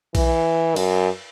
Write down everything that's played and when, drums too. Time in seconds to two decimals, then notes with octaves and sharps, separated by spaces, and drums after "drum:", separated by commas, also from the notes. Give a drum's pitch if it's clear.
0.15 E3, drum: kick B1, cymbal
0.76 F#2, drum: cymbal